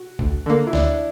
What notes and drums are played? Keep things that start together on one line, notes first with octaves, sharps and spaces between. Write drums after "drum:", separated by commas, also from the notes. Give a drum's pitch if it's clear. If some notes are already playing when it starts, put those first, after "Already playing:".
Already playing: F#4
D2, drum: kick
D3 A#3
E4
D2 D4, drum: snare